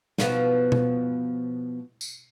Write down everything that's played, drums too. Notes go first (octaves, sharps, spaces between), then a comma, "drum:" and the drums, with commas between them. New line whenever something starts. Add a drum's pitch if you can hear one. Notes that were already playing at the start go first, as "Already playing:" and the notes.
B2 F3 B3, drum: snare
drum: tom B2
drum: tambourine